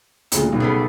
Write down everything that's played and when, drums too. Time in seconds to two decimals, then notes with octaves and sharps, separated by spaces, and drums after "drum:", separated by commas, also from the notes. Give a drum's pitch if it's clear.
0.32 D2 A#2 C#3, drum: hi-hat
0.48 B1 G3
0.60 C#3 A3 B3